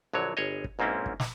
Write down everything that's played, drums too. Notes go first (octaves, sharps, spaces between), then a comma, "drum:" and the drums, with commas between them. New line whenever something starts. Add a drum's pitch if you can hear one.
A#1 D3 F#3 C#5
G1 G#4 C#5 D#5
drum: kick
B1 G#2 A#3 C4 C#4 E4
drum: kick
drum: snare